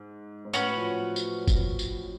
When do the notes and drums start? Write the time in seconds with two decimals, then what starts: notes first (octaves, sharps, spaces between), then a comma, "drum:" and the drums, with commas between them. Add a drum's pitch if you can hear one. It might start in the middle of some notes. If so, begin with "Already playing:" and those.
Already playing: G#2
0.45 G#2
0.53 A2 C#4 F#4 B4, drum: tambourine
0.76 F3
1.00 F#3
1.16 drum: tambourine
1.48 drum: kick, tambourine
1.79 drum: tambourine